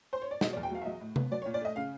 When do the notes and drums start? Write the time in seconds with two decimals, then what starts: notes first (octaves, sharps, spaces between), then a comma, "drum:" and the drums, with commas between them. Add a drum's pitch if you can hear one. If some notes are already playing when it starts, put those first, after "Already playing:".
0.13 C5
0.22 C#5
0.31 D5
0.41 B2 D#5, drum: snare
0.53 D5
0.56 E2
0.63 G5
0.71 F#3 F5
0.82 E5
0.86 F#3 D#5
1.01 A2
1.16 B3, drum: tom C3
1.31 F#3 D5
1.42 C#5
1.46 A#2
1.54 D5
1.61 A3 D#5
1.76 C#3 F5